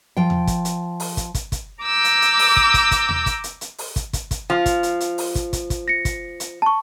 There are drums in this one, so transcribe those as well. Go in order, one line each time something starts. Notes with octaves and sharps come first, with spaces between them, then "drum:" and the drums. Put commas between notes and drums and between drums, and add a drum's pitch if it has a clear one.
F3 G5
drum: tom D#2
drum: kick, hi-hat
drum: hi-hat
drum: open hi-hat
drum: kick, hi-hat
drum: kick, hi-hat
drum: kick, hi-hat
A#5 D6 E6 G6
drum: hi-hat
drum: hi-hat
drum: open hi-hat
drum: kick
drum: kick, hi-hat
drum: kick, hi-hat
drum: tom D#2
drum: kick, hi-hat
drum: hi-hat
drum: hi-hat
drum: open hi-hat
drum: kick, hi-hat
drum: kick, hi-hat
drum: kick, hi-hat
F3
drum: kick, hi-hat
drum: hi-hat
drum: hi-hat
drum: open hi-hat
drum: kick, hi-hat
drum: kick, hi-hat
drum: kick, hi-hat
A#6 C#7
drum: kick, hi-hat
drum: hi-hat
A5 C#6